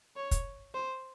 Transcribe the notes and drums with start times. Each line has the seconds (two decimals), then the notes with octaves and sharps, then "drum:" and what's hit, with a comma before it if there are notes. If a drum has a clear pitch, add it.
0.17 C#5
0.31 drum: kick, hi-hat
0.75 C5